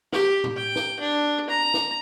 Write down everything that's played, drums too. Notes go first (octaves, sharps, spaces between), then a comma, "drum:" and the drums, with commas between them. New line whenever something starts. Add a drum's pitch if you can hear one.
G4, drum: snare
drum: tom A2
G5
drum: snare
D4
A#5
drum: snare